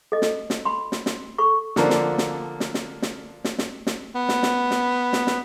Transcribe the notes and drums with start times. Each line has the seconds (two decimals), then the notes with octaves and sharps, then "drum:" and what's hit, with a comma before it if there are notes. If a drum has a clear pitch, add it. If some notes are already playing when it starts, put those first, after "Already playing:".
0.12 A4 D#5
0.22 drum: snare
0.50 drum: snare
0.65 B5 C6
0.92 drum: snare
1.06 drum: snare
1.38 A4 B5 C#6
1.76 D3 F3 A#3 D4, drum: snare
1.90 drum: snare
2.18 drum: snare
2.60 drum: snare
2.74 drum: snare
3.02 drum: snare
3.45 drum: snare
3.59 drum: snare
3.87 drum: snare
4.15 B3
4.29 drum: snare
4.43 drum: snare
4.71 drum: snare
5.13 drum: snare
5.27 drum: snare